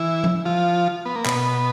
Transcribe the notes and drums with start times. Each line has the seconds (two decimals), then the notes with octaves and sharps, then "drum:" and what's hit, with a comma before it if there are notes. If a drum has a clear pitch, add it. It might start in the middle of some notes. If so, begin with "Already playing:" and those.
Already playing: E3 E4
0.24 drum: tom F3
0.45 F3 F4
1.05 B3
1.16 A#3
1.25 B2 B3, drum: clap